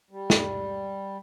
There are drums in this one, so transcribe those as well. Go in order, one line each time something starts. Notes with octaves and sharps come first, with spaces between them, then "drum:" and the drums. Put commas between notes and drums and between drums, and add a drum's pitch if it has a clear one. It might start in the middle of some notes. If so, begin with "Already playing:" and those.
G3
drum: snare